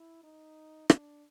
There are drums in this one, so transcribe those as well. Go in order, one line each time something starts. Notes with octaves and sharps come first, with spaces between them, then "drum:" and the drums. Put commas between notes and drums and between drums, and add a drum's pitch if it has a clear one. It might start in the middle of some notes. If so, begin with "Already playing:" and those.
Already playing: E4
D#4
D4, drum: rim click